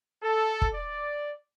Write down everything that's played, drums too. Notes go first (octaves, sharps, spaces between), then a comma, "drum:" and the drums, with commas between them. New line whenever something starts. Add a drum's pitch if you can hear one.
A4
drum: kick
D5